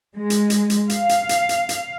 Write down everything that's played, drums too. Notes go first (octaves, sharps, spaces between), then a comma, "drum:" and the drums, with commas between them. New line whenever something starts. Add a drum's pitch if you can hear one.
G#3
drum: hi-hat
drum: hi-hat
drum: hi-hat
F5, drum: hi-hat
drum: hi-hat
drum: hi-hat
drum: hi-hat
drum: hi-hat